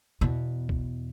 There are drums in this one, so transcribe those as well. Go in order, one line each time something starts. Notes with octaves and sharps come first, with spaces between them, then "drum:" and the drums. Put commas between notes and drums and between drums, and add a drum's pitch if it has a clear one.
E2 B2
drum: kick C2